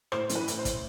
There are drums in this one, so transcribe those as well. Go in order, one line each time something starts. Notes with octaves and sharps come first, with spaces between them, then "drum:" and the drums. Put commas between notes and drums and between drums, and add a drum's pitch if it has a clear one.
A2 C5, drum: rim click
E3, drum: hi-hat
B4
A2, drum: hi-hat
C5
E3, drum: kick, hi-hat